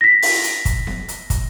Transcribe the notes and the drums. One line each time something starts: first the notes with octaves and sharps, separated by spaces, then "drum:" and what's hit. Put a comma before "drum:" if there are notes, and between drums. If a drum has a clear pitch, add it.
A#6 B6
drum: open hi-hat
drum: hi-hat
drum: kick, hi-hat
drum: snare B3
drum: hi-hat
drum: kick, hi-hat